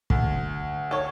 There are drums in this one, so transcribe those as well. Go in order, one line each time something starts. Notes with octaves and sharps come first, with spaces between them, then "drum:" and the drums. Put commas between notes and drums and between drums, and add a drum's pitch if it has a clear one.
D2, drum: kick
A4 C#5